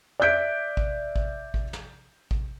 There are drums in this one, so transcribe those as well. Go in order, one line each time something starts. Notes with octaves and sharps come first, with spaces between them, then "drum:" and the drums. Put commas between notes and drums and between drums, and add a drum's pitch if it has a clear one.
D5 E5 F#6 G6 B6 D7
drum: kick
drum: kick
drum: kick
drum: snare
drum: kick